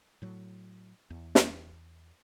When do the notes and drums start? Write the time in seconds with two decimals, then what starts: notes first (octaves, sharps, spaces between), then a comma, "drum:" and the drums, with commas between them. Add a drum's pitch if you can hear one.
0.22 A2 F#3
1.10 E2
1.35 drum: snare